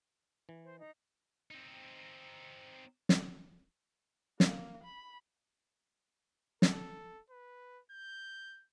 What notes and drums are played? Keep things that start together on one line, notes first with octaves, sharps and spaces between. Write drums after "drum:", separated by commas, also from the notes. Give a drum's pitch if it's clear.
E3
C5
D#4
C4 D#4
drum: snare
A#3, drum: snare
B5
A4, drum: snare
B4
G6